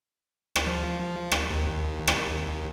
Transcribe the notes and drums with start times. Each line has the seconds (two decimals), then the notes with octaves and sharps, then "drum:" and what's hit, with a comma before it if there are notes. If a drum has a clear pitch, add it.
0.56 drum: rim click
0.67 F3
1.32 drum: rim click
1.50 D#2
2.07 drum: rim click